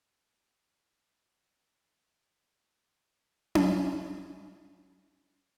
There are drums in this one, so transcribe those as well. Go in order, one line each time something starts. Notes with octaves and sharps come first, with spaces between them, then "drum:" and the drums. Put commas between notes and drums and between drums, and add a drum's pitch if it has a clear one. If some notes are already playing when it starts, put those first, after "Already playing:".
Already playing: E5
E5
B2 A3 D5
E5
D5
E5
D5
C5
C5
drum: tom C#4